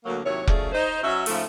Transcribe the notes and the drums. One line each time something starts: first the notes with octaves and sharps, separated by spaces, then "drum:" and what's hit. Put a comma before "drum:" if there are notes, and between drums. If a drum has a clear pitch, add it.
D2 F#3 A#3
D#2 C3 F#3 E4 C#5
F#2 F3 A3 C#4 G#4 D5, drum: kick F1
D#4 C5
F#3 C#4 E5
G#2 C#3 F3 A3, drum: open hi-hat